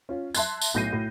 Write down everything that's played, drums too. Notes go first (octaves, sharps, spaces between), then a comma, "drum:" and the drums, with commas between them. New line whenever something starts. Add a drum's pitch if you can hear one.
C#4 F4
E5 A5 C6 F#6 G#6, drum: tambourine
drum: tambourine
B1 A2 G6 A#6 C7 D#7
A2